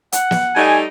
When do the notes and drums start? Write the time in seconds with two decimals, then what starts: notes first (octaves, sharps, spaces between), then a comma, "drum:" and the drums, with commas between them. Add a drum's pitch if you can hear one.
0.12 F#5, drum: hi-hat
0.31 drum: snare
0.55 G3 A3 D#4 G#5